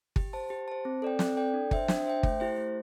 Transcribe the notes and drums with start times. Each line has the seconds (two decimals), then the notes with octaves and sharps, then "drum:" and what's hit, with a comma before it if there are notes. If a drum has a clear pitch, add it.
0.16 G4, drum: kick G1
0.33 C5 A5
0.50 G4
0.68 C5 A5
0.85 C4
1.02 A4 D5 G5
1.19 C4, drum: snare
1.37 A4 D5 G5
1.54 D4
1.71 C5 E5 G5, drum: kick G1
1.88 D4, drum: snare
2.06 C5 E5 G5
2.23 A3, drum: kick G1
2.40 E4 G4 C5
2.58 A3